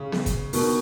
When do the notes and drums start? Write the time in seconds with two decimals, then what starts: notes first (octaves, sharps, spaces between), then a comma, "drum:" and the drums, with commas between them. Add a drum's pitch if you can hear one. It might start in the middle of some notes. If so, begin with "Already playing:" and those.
Already playing: C#3
0.12 drum: snare B3
0.26 drum: kick, hi-hat
0.53 B2 D#3, drum: open hi-hat